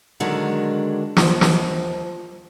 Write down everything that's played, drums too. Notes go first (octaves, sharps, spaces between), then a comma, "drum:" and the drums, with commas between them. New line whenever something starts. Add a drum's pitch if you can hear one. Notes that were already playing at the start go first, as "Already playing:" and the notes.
D3 D#3 F#3 G#3 D4
D#2 F3, drum: snare
drum: snare